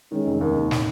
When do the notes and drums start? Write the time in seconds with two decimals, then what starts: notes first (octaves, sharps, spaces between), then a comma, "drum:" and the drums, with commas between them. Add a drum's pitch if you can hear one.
0.12 D#3 G#3 C#4
0.27 F1
0.41 D#2 A#3 D#4
0.56 F1
0.71 D#3, drum: snare